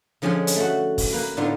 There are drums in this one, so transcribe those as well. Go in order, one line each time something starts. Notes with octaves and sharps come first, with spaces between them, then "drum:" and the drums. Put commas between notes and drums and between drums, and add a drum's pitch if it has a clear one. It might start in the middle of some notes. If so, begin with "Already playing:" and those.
D3 F3 G#3 C#4 D4 G#4
drum: hi-hat
A3 F#4
drum: kick, open hi-hat
A#3 B4
A2 D3 B3 D4 D#4 F4